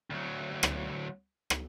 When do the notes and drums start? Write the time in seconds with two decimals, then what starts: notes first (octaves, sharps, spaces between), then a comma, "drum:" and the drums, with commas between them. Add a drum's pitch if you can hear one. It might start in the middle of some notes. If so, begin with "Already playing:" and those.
0.10 D2 F#3
0.63 drum: rim click
1.50 drum: rim click